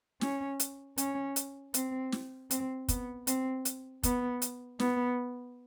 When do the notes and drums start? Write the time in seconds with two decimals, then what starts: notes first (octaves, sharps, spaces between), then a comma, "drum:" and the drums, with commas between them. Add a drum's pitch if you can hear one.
0.21 C#4, drum: snare
0.60 drum: hi-hat
0.98 C#4, drum: hi-hat
1.36 drum: hi-hat
1.74 C4, drum: hi-hat
2.12 drum: snare
2.51 C4, drum: hi-hat
2.88 B3, drum: kick, hi-hat
3.27 C4, drum: hi-hat
3.65 drum: hi-hat
4.03 B3, drum: kick, hi-hat
4.42 drum: hi-hat
4.80 B3, drum: snare